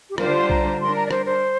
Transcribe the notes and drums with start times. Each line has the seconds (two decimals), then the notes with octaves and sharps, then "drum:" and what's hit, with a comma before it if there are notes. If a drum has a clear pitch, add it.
0.10 G4
0.18 D3 G3 D4 F4 A#4 C5, drum: rim click
0.34 C6
0.50 A#5, drum: kick B1
0.80 G3 D4 A#4 C6
0.96 A#5
1.06 D5
1.11 C5, drum: rim click
1.26 C5